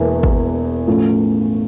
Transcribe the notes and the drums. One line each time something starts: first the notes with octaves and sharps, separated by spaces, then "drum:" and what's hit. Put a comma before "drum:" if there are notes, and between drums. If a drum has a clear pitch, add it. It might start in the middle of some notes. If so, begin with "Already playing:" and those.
Already playing: E1 E2 E3 A#3 E4
drum: kick G#1
A2 F3 A3 C#4